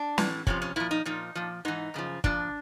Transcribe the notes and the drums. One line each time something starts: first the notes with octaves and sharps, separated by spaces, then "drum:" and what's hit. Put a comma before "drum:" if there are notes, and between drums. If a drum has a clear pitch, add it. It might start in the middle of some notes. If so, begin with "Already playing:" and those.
Already playing: D4
A2 E3, drum: snare
F2 C3 F3 C#4, drum: kick
C#4
A#2 F3 E4
D#4
A#2 F3 D#4
A#2 F3
G#2 E3 D#4
F#2 C#3 F3
A#2 F3 D4, drum: kick